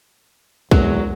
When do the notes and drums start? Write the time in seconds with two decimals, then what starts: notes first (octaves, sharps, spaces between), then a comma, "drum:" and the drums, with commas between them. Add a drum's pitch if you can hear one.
0.71 E2 F#3 G#3 A#4, drum: kick